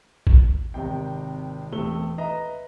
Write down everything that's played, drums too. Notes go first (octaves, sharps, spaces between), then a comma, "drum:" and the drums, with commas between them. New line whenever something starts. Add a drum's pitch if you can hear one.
drum: kick G#1
G#1 C3 D#3 G5
E1 A3 C4 G7
B4 D#5 E5 A#5